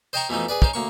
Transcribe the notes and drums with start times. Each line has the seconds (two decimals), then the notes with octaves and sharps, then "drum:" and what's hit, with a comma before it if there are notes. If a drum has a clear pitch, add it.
0.13 C5 D#5 G5 A5 A#5 C#6
0.29 B2 E3 F3 A3 D#4
0.48 G#4 B4 D5
0.62 C#4 D#4 C5, drum: kick
0.73 D2 A#3 C#6